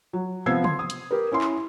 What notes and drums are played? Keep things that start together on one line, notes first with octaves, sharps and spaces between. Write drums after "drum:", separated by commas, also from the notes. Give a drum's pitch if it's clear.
F#3
C3 F3 B3 E6 G#6 C7
C6, drum: tom C#3
D#6
drum: hi-hat
G4 A#4 B4
C#4 E4 E5 C6
drum: clap